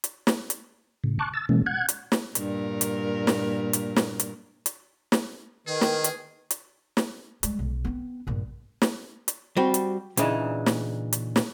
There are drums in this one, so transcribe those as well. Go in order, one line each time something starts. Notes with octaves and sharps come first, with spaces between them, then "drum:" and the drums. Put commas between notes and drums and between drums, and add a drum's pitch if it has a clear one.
drum: hi-hat
drum: snare
drum: hi-hat
A2 C#3
A5 C#6 D6 F#6
E6 A6
B2 E3 G#3 A#3 C#4
F#5 F#6 G#6
drum: hi-hat
drum: snare
G2 A#2 A#4, drum: hi-hat
drum: hi-hat
drum: snare
drum: hi-hat
drum: snare
drum: hi-hat
drum: hi-hat
drum: snare
D#3 G#4 B4
drum: snare
drum: hi-hat
drum: hi-hat
drum: snare
G3 G#3, drum: hi-hat
B1
B3 C4
A#1 G2
drum: snare
drum: hi-hat
G3 C4 F#4
drum: hi-hat
A#2 C#3 E3 D4 D#4, drum: hi-hat
drum: snare
drum: hi-hat
drum: snare